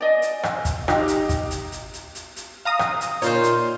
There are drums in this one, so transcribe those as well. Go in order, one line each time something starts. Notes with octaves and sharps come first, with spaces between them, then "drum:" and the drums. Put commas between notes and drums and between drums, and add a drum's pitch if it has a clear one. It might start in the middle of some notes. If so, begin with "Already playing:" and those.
D5 D#5 G#5
drum: hi-hat
drum: rim click
drum: kick, hi-hat
D#4 G4, drum: rim click
drum: hi-hat
drum: kick, hi-hat
drum: hi-hat
drum: hi-hat
drum: hi-hat
drum: hi-hat
drum: hi-hat
F5 A#5 D#6
drum: rim click
drum: hi-hat
A#2 D#4 F4 C5 C#5, drum: hi-hat
drum: hi-hat